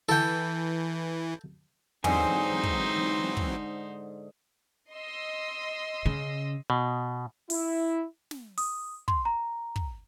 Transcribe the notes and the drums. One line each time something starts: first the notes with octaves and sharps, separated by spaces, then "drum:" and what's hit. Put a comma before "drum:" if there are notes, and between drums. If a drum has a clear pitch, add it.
E3 A4 G5
G#2 D3 E3 F#3 C4 D#4 C5 G#5, drum: tom
drum: kick
drum: kick
D#5 C6 E6
C#3
B2
E4, drum: open hi-hat
drum: snare
D#6, drum: open hi-hat
C6, drum: kick
A#5
drum: kick